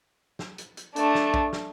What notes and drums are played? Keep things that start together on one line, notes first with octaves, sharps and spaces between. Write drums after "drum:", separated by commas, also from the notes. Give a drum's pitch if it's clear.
drum: snare
drum: hi-hat
drum: hi-hat
A3 D4, drum: hi-hat
drum: snare
drum: kick A#1
drum: snare